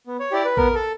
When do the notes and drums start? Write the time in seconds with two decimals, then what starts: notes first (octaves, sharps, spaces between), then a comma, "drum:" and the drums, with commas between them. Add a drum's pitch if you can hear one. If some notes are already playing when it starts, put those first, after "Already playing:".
0.07 B3
0.20 C#5
0.32 E4 G4 D5
0.45 B4
0.57 B3 A#4, drum: kick A#1
0.74 A4